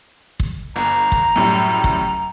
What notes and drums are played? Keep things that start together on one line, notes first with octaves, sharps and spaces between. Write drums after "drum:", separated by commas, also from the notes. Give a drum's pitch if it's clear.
drum: kick
G1 A#5
drum: kick
F#2 A2 G3
drum: kick